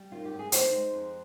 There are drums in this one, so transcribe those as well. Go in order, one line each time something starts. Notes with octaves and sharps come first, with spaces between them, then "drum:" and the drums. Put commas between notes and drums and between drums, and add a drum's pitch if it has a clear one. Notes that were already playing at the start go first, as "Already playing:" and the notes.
Already playing: G3
D#3 F4
G4
G2
G#4
D#4 C5, drum: hi-hat
G#3
F2